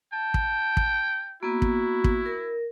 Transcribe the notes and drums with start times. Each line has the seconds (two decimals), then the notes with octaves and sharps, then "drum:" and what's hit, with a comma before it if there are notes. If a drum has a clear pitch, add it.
0.13 G5 A5
0.34 drum: kick
0.77 drum: kick
1.43 A#3 B3 E4 F#4
1.62 drum: kick
2.04 drum: kick
2.26 A#4